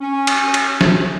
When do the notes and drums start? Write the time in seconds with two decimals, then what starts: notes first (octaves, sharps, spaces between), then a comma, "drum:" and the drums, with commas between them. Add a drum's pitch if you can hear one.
0.01 C#4
0.27 drum: cymbal
0.54 drum: cymbal
0.81 drum: snare